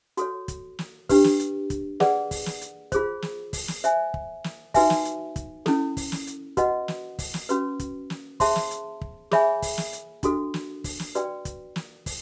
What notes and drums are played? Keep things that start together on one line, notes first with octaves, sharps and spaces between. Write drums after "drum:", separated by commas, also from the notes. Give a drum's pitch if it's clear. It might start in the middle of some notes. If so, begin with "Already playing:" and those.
F#4 A4 C#5, drum: hi-hat
drum: kick, hi-hat
drum: snare
D4 G4 B4, drum: kick, open hi-hat
drum: snare
drum: hi-hat
drum: kick, hi-hat
G#4 B4 D5 F#5, drum: snare
drum: kick, open hi-hat
drum: snare
drum: hi-hat
F4 G#4 C5, drum: kick, hi-hat
drum: snare
drum: kick, open hi-hat
drum: snare
C5 E5 G#5, drum: hi-hat
drum: kick
drum: snare
D#4 F#4 B4 E5 G#5, drum: kick, open hi-hat
drum: snare
drum: hi-hat
drum: kick, hi-hat
C#4 E4 A4, drum: snare
drum: kick, open hi-hat
drum: snare
drum: hi-hat
F#4 B4 D#5 F#5, drum: kick, hi-hat
drum: snare
drum: kick, open hi-hat
drum: snare
C#4 F#4 B4, drum: hi-hat
drum: kick, hi-hat
drum: snare
G#4 C5 E5 A5 C6, drum: kick, open hi-hat
drum: snare
drum: hi-hat
drum: kick
G#4 C#5 E5 G#5 B5, drum: snare
drum: kick, open hi-hat
drum: snare
drum: hi-hat
D4 F#4 A4, drum: kick, hi-hat
drum: snare
drum: kick, open hi-hat
drum: snare
F#4 B4 D5 G5, drum: hi-hat
drum: kick, hi-hat
drum: snare
drum: kick, open hi-hat